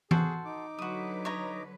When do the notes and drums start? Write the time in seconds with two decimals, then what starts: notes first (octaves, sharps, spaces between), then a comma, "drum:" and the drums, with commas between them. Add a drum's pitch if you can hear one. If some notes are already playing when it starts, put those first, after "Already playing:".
0.11 F#4 G#4 A4 C5, drum: tom E3
0.45 D#4 D6
0.79 D3 F#3 F#4 B4 D#6
1.25 C#5 D#5 A#5